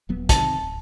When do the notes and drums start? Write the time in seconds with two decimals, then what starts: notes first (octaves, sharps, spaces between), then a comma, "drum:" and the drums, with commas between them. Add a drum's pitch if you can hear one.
0.09 D#1 F#3 B3
0.29 C3 D#3 A5, drum: kick, hi-hat
0.56 D1